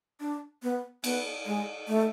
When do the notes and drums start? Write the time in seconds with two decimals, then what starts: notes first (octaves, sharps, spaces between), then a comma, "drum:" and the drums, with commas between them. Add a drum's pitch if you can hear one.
0.20 D4
0.63 B3
1.04 B3, drum: cymbal
1.46 G#3
1.88 A3